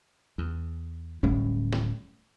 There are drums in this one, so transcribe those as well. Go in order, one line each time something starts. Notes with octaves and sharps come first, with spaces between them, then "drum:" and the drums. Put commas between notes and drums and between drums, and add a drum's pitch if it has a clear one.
E2
D1 A2 G3 C#4, drum: kick G1
drum: snare